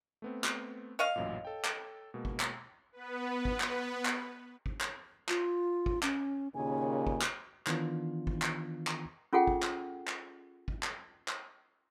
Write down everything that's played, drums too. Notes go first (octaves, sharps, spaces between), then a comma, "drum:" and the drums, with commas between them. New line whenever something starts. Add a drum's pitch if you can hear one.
A3 B3 C4
drum: clap
C#5 D#5 F5
A1 F#2 A#2
A4 G5
drum: clap
B2 G#3 A#3
drum: kick
drum: clap
B3 B4
drum: kick
drum: clap
drum: clap
drum: kick
drum: clap
F4, drum: clap
drum: kick
C#4, drum: clap
D#2 A#2 C#3 G#5
drum: kick
drum: clap
D#3 E3 B3 D4 F4, drum: clap
drum: kick
drum: clap
drum: clap
C#4 F4 G#4 A4 F#5 G5
drum: kick
drum: clap
drum: clap
drum: kick
drum: clap
drum: clap